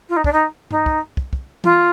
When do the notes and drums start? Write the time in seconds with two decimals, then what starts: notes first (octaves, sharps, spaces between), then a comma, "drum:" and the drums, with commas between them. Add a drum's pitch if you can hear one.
0.09 F4
0.16 D#4
0.24 D4, drum: kick
0.32 D#4
0.71 D#4, drum: tom G2
0.86 drum: kick
1.17 drum: kick
1.33 drum: kick
1.64 F4, drum: tom E3